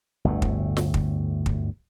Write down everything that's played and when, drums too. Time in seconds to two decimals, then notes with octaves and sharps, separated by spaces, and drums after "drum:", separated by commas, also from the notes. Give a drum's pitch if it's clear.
0.25 G1 D2 A2
0.42 drum: kick
0.77 drum: snare
0.94 drum: kick
1.46 drum: kick